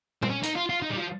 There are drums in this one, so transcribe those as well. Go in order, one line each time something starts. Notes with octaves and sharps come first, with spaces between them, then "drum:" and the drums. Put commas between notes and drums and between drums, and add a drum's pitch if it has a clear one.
C4, drum: tom
C#4
D#4, drum: hi-hat
F4
F4
D#4
G3
F3